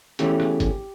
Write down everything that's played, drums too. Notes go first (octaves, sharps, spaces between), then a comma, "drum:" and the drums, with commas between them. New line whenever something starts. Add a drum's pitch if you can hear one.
E2 C#3 E3 A3 C#4 G4, drum: hi-hat
drum: rim click
drum: kick G1, hi-hat